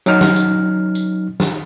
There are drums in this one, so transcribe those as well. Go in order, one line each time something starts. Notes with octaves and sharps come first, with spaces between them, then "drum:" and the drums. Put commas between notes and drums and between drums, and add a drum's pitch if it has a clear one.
F#3 C#4 D#4 F6, drum: tambourine
drum: snare
drum: tambourine
drum: tambourine
drum: snare